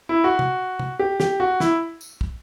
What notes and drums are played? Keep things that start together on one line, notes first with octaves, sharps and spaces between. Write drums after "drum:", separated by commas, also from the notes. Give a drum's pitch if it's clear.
E4
F#4
drum: tom
drum: tom
G4
G4, drum: snare
F#4
E4, drum: snare
drum: tambourine
drum: kick